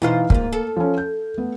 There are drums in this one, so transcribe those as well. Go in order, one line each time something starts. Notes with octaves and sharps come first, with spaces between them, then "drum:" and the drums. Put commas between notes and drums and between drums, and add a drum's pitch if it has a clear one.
B2 E3 D#4 F4 C5 F6
G#2 A#3 F4, drum: kick
A4
F3 C#4
G6
A3 B3